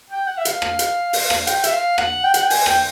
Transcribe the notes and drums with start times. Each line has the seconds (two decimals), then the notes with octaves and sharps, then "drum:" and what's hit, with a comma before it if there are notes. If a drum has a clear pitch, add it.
0.10 G5
0.27 F#5
0.38 E5
0.45 F5, drum: hi-hat
0.62 drum: rim click
0.79 drum: hi-hat
1.13 drum: open hi-hat
1.30 drum: rim click
1.47 G5, drum: hi-hat
1.64 E5, drum: hi-hat
1.73 F5
1.98 F#5, drum: rim click
2.24 G5
2.34 F#5, drum: hi-hat
2.43 G5
2.50 G#5, drum: open hi-hat
2.66 G5, drum: rim click